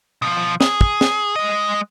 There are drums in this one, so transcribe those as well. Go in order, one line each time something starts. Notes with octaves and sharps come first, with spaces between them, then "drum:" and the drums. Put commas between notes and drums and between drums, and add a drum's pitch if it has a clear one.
B2 F3
G#4, drum: snare
drum: kick
drum: snare
G#3 D#5